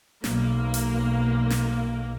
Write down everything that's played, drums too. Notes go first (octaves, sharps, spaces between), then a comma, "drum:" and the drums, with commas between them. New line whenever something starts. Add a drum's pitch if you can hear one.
B1 A#3, drum: snare
drum: hi-hat
drum: snare